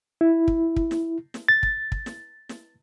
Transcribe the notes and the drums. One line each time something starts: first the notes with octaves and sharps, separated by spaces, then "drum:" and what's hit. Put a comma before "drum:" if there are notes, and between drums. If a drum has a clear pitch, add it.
E4
drum: kick
drum: kick
drum: snare
drum: snare
A6
drum: kick
drum: kick
drum: snare
drum: snare